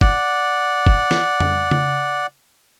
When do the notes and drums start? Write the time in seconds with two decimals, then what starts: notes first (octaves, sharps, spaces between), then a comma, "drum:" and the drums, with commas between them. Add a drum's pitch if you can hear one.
0.01 D5 F#5, drum: kick
0.87 drum: kick
1.11 drum: snare
1.40 drum: tom F2
1.71 drum: tom C#3